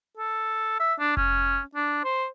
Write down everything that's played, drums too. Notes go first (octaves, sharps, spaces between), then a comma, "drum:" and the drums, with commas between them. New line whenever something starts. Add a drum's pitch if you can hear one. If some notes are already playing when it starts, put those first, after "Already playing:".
A4
E5
D4
C#4, drum: kick F1
D4
C5